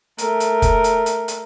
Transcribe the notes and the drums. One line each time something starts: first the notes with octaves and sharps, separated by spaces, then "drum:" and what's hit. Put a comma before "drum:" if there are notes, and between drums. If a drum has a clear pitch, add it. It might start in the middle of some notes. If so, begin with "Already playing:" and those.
A3 A#4, drum: hi-hat
drum: hi-hat
drum: kick F1, hi-hat
drum: hi-hat
drum: hi-hat
drum: hi-hat